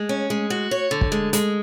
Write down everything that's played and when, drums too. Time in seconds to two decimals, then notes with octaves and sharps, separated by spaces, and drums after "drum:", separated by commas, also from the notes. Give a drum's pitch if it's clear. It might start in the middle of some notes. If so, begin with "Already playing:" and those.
Already playing: G#3
0.09 C#4
0.30 G#3
0.50 F#4
0.71 C#5
0.91 D3
1.01 drum: kick
1.12 G#3
1.33 G#3, drum: hi-hat